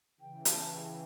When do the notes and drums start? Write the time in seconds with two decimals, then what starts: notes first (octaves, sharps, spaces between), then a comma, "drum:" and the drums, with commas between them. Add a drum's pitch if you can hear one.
0.20 C#3 E3 G5
0.45 A5, drum: hi-hat
0.71 G5